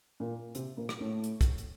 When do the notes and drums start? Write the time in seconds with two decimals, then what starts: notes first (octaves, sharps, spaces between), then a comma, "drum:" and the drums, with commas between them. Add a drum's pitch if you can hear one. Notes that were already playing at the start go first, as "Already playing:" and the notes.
0.20 A#2 A#3
0.55 C3 C4, drum: hi-hat
0.77 A#2 A#3
0.89 drum: rim click
1.00 A2 A3
1.24 drum: hi-hat
1.41 drum: kick, hi-hat
1.58 drum: hi-hat